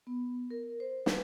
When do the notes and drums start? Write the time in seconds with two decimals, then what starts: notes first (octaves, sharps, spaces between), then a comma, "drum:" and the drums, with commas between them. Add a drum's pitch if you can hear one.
0.07 B3
0.51 A#4
0.80 C5
1.06 B4, drum: snare